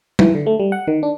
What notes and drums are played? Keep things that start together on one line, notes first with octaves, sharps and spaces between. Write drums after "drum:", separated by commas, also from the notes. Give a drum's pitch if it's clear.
E3, drum: tom
D3
A3
G3
F#5
D#3
D4